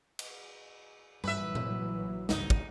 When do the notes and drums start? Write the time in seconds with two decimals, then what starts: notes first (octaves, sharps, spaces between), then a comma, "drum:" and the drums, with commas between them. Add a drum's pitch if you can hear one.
0.19 drum: cymbal
1.24 A#1 E3 F#3 G3 B4 E5, drum: tom G2
1.55 drum: tom A#2
2.29 G#1 C#2 G2 D#4, drum: snare
2.50 drum: kick